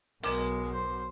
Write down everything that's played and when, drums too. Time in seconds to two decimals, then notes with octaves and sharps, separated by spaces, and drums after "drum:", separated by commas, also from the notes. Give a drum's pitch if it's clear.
0.23 B1 B2 G#3 A#4 D6 E7, drum: open hi-hat
0.73 C5